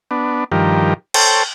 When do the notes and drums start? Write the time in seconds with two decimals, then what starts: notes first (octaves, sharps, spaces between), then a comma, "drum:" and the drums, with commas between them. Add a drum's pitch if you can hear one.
0.11 B3 D4
0.52 G2 D#3 F3 G4 A#4
1.14 A4 C5 C#5 G5 A5, drum: cymbal